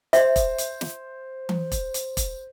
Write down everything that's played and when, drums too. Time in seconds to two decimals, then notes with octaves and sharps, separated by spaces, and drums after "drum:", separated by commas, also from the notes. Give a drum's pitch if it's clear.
0.13 C5 E5, drum: hi-hat
0.36 drum: kick E1, hi-hat
0.58 drum: hi-hat
0.81 drum: snare
1.49 drum: tom E3
1.72 drum: kick E1, hi-hat
1.94 drum: hi-hat
2.17 drum: kick E1, hi-hat